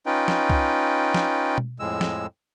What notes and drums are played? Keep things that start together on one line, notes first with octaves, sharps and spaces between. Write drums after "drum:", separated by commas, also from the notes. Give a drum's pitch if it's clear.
C#4 D#4 F4 B4 G5
drum: snare
drum: kick C2
drum: snare
drum: tom B2
F2 A2 G#3 E6
drum: snare